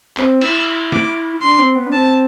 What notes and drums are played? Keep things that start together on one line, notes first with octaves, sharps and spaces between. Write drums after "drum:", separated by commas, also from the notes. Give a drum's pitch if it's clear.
C4, drum: clap
E4 E6, drum: cymbal
D6, drum: snare
D4 C6
C4
B3
D4
C4 A5